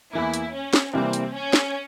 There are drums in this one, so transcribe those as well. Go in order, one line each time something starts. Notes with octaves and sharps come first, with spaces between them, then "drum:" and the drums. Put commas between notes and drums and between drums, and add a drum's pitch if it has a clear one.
E2 E3 A#3 E4
drum: hi-hat
C#4
drum: snare
C3 E3 G3 A#3 C4
drum: hi-hat
C#4
drum: snare